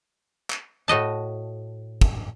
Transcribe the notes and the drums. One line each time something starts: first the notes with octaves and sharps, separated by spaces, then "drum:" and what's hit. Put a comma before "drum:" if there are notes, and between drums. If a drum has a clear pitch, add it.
drum: clap
A2 F#4 D#5 A5
drum: kick